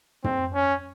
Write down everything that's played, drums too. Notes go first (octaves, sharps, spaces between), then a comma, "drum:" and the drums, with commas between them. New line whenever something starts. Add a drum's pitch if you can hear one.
C4, drum: tom
C#4